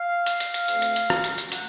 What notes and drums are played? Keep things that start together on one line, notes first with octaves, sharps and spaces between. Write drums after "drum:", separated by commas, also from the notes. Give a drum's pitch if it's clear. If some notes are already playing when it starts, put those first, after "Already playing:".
Already playing: F5
drum: hi-hat
drum: hi-hat
drum: hi-hat
D2 D3 F3 A3 C4, drum: hi-hat
drum: hi-hat
drum: hi-hat
drum: rim click
drum: hi-hat
drum: hi-hat
A3 C4 F#5, drum: hi-hat